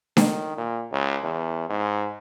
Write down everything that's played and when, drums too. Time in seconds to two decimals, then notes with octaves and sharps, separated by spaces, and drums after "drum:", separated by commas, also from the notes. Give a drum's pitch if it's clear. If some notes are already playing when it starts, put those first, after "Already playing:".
0.17 D#3, drum: snare D4
0.57 A#2
0.91 C#2
1.23 E2
1.69 G#2